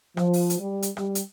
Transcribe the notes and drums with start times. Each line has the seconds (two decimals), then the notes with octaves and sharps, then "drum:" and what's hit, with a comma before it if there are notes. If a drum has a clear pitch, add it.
0.17 F3, drum: rim click
0.33 drum: open hi-hat
0.50 drum: hi-hat
0.59 G3
0.82 drum: hi-hat
0.97 G3, drum: rim click
1.15 drum: hi-hat